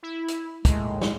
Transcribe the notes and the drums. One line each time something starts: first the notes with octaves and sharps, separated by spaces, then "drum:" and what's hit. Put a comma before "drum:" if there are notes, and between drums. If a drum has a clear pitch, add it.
E4
drum: hi-hat
D#2 A2 G#3, drum: kick, hi-hat
drum: snare